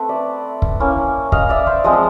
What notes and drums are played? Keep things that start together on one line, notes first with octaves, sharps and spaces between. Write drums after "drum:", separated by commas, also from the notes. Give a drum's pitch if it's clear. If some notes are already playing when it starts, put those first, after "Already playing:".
Already playing: A3 C4 B4
D5 E5
drum: kick
A#3 C#4 E4
D#5 F5, drum: kick
D5 E5
C5 D5
F3 G#3 C4 D#5
E5